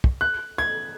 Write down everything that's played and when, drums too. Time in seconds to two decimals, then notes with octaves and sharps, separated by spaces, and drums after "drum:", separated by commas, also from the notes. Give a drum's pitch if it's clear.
0.04 drum: kick
0.21 F#6
0.58 G#6